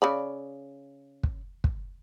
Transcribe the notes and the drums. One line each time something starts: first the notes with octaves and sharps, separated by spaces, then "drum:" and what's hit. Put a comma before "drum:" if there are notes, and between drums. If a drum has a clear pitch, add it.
C#3 D5 B5
drum: kick
drum: kick